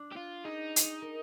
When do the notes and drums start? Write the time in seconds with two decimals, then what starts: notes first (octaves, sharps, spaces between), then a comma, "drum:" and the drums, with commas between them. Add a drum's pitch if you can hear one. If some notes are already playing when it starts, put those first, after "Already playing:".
Already playing: D4
0.12 G4
0.16 F4
0.44 D#4 G#4
0.76 drum: hi-hat
1.02 A#4